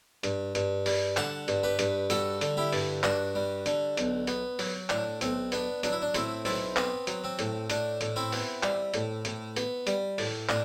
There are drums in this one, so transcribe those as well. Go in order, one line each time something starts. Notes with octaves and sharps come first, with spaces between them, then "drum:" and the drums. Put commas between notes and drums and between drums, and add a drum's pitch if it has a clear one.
G2, drum: hi-hat
G2, drum: hi-hat
G3, drum: open hi-hat
D3 F#5 A5, drum: clap
G2, drum: hi-hat
G4 B4
G2, drum: hi-hat
G3 F#4 A4, drum: hi-hat
D3, drum: hi-hat
E4 G4
G2, drum: open hi-hat
G2 D4 F#4, drum: clap
G3
D3, drum: hi-hat
B1, drum: hi-hat
B3, drum: hi-hat
F#3, drum: open hi-hat
A2 D4, drum: clap
B1 C4, drum: hi-hat
B3 D4, drum: hi-hat
F#3 D4, drum: hi-hat
E4
D4
A2 C4 E4, drum: hi-hat
B1 C4 E4, drum: open hi-hat
B3 C4, drum: clap
F#3, drum: hi-hat
C4
A2, drum: hi-hat
A2 D4, drum: hi-hat
A2, drum: hi-hat
C4 E4
B3, drum: open hi-hat
G3, drum: clap
A2, drum: hi-hat
A2, drum: hi-hat
B3, drum: hi-hat
G3, drum: hi-hat
A2, drum: open hi-hat
A2 D4, drum: clap